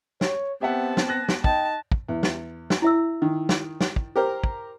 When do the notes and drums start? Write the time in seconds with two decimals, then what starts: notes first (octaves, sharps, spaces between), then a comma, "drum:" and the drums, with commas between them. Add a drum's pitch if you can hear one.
0.21 C#5, drum: snare
0.61 B3 C4 G4 E5 F#5 A5
0.97 drum: snare
1.09 F#6 A#6
1.29 drum: snare
1.44 D#4 D#5 G5 A5, drum: kick
1.92 drum: kick
2.09 E2
2.23 drum: snare
2.70 drum: snare
2.82 E4 E5 E6
3.22 D#3
3.49 drum: snare
3.81 drum: snare
3.96 drum: kick
4.16 G4 A#4 C5
4.44 drum: kick